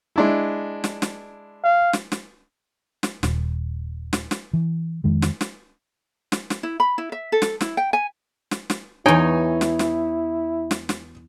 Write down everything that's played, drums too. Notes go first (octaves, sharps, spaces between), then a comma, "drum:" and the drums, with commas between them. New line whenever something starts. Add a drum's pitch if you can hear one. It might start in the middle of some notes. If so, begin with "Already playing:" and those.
G#3 D4 E4
drum: snare
drum: snare
F5
drum: snare
drum: snare
drum: snare
D#1, drum: snare
drum: snare
drum: snare
E3
F2 D#3 G#3
drum: snare
drum: snare
drum: snare
drum: snare
E4
B5
E4
E5
A4
drum: snare
E4, drum: snare
G5
G#5
drum: snare
drum: snare
E2 D#4 E4 C#5 G5 G#5
drum: snare
drum: snare
drum: snare
drum: snare